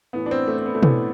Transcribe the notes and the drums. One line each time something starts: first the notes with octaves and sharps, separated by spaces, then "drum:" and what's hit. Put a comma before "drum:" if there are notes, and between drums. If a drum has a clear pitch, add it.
A2 E3 B3
D4
C4
A3
C4
B3
A3
A2 E3 B3, drum: tom B2